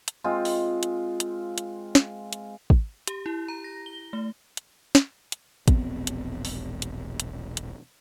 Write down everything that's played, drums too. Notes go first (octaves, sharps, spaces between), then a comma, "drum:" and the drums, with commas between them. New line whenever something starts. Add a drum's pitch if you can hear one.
drum: hi-hat
G#3 C4 F4
drum: open hi-hat
drum: hi-hat
drum: hi-hat
drum: hi-hat
drum: snare
drum: hi-hat
drum: kick
G4, drum: hi-hat
E4
A#5
A#6
G7
A3
drum: hi-hat
drum: snare
drum: hi-hat
E1 A#1 B3 C4, drum: kick, hi-hat
drum: hi-hat
drum: open hi-hat
drum: hi-hat
drum: hi-hat
drum: hi-hat